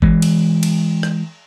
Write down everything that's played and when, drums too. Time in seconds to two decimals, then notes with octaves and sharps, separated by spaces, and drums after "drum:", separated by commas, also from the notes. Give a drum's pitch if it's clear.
0.02 E3 G#3, drum: kick G1
0.22 drum: cymbal
0.63 drum: cymbal
1.03 drum: rim click